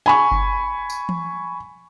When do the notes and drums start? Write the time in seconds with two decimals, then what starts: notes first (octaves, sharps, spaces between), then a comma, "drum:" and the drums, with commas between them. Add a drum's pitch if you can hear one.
0.06 G#5 B5 C#6
0.31 drum: kick F#1
0.90 drum: tambourine
1.09 drum: tom E3